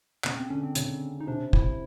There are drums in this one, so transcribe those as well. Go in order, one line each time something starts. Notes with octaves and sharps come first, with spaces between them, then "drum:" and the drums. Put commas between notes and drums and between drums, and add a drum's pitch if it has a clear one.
C#3 B3 C#4, drum: clap
C4
D3 C#4 D4
C4
C#3 C#4, drum: hi-hat
D#4
C3 C4 D4
E4, drum: kick